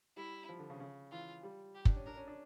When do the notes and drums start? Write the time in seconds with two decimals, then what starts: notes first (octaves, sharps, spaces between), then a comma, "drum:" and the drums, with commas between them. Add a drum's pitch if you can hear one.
0.17 G3 E4
0.49 F3
0.59 D3
0.70 C#3
0.80 C#3
1.11 E3 F4
1.43 G3
1.75 G4
1.85 D4, drum: kick
1.96 C#4
2.06 D4 A#4
2.17 C#4
2.28 D4